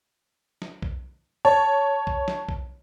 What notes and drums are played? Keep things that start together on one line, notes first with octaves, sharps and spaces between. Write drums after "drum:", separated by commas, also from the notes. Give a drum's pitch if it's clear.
drum: snare
drum: kick B1
C#5 A5
drum: kick B1
drum: snare
drum: kick B1